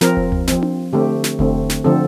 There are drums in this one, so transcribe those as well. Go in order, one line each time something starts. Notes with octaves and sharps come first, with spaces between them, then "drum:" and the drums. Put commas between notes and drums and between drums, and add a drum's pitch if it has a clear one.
F3 C4 A#4, drum: snare
drum: kick F1
drum: tom D2
F3 C4, drum: snare
drum: tom D4
D3 A3 C4 G4
drum: snare
D3 A3 C4, drum: kick F1
drum: snare
D3 F3 C4 A4